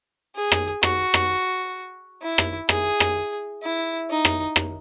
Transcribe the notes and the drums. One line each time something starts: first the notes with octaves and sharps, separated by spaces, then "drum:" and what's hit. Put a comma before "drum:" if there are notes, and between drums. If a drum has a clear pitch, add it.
G#4
drum: rim click
F#4, drum: rim click
drum: rim click
E4
drum: rim click
G#4, drum: rim click
drum: rim click
E4
D#4
drum: rim click
drum: rim click